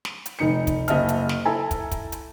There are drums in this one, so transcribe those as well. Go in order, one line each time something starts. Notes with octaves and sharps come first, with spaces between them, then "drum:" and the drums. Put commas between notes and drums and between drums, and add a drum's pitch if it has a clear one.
drum: snare
drum: hi-hat
F1 D#4 C#7
drum: kick, hi-hat
F#1 D#5 E5 A5 F6, drum: hi-hat
drum: hi-hat
drum: snare
E4 A4 E5 G#5 A#5
drum: kick, hi-hat
drum: kick, hi-hat
drum: hi-hat